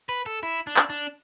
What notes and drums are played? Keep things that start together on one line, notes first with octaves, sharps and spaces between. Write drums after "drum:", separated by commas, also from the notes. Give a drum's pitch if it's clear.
B4
A4
E4
D4
drum: clap
D4